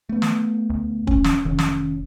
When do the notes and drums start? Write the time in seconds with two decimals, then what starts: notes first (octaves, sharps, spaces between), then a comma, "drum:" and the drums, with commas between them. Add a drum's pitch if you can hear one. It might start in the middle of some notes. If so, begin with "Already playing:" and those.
0.09 A3 B3
0.22 drum: snare
0.70 D2
1.07 C#4, drum: kick
1.24 drum: snare
1.45 F1 D#3 C#4
1.58 drum: snare